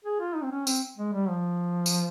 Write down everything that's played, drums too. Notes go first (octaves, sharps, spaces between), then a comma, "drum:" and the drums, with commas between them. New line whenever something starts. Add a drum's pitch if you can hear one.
G#4
F4
D#4
C4
C#4
C4, drum: tambourine
G#3
G3
F3
drum: tambourine